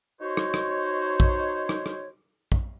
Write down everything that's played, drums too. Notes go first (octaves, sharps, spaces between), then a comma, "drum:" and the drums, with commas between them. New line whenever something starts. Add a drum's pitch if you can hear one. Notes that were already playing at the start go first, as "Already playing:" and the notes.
D#4 F#4 C5 C#5
drum: rim click
drum: rim click
drum: kick
drum: rim click
drum: rim click
drum: kick